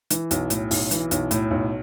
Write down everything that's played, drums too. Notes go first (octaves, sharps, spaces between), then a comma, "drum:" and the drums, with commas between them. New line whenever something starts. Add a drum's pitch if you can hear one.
E3, drum: hi-hat
B1, drum: hi-hat
A2, drum: hi-hat
B1, drum: open hi-hat
E3, drum: hi-hat
B1, drum: hi-hat
A2, drum: hi-hat
B1